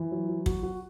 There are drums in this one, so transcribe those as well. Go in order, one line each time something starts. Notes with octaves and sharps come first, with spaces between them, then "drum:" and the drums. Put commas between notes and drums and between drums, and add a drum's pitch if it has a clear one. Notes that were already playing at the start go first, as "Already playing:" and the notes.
Already playing: E3
F#3
F#3
F#4, drum: kick
F#4